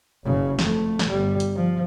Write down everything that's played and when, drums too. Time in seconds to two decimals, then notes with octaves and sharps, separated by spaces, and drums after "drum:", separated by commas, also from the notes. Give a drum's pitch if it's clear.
0.25 F#1 C#3
0.59 F2 A3, drum: snare
0.99 drum: snare
1.09 G1 G3
1.40 drum: hi-hat
1.55 F3